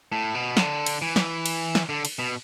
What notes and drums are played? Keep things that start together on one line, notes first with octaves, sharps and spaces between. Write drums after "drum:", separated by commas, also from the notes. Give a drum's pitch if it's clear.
A2
B2
D3, drum: snare
drum: cymbal
E3
drum: snare
drum: cymbal
drum: snare
D3
drum: cymbal
B2